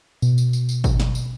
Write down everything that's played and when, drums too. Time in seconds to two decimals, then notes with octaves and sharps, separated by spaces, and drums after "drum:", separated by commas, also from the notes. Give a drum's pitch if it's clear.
0.22 B2, drum: tambourine
0.38 drum: tambourine
0.53 drum: tambourine
0.69 drum: tambourine
0.84 drum: kick, tambourine
1.00 drum: snare
1.15 drum: tambourine